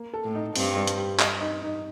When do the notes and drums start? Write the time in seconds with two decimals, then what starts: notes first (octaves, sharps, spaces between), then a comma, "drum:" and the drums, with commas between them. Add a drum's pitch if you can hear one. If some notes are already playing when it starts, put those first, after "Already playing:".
Already playing: A#3
0.14 A4
0.24 A2
0.35 D#4
0.56 G2 C4, drum: open hi-hat
0.77 G3
0.87 drum: hi-hat
0.98 G4
1.19 D#5, drum: clap
1.41 D#4
1.62 D#4